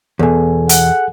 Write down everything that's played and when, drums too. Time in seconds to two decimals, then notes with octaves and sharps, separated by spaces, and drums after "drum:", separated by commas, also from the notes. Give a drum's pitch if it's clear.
0.19 E2 B2 G#4 A4 G#5
0.69 F#5, drum: hi-hat